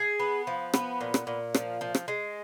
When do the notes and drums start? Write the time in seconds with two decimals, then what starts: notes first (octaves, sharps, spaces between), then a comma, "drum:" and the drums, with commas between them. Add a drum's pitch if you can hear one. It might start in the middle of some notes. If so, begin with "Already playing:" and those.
Already playing: G#4 G#5
0.19 B3
0.47 F3
0.74 B3, drum: rim click
1.01 A#2
1.14 drum: rim click
1.27 A#2
1.54 F3, drum: rim click
1.81 F3
1.95 drum: rim click
2.08 G#3